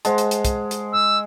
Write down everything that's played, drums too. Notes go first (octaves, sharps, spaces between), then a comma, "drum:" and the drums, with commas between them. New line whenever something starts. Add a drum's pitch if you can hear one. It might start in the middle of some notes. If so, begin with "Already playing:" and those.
G#3 C5 F#5 A5, drum: hi-hat
drum: hi-hat
drum: hi-hat
drum: kick, hi-hat
drum: hi-hat
E6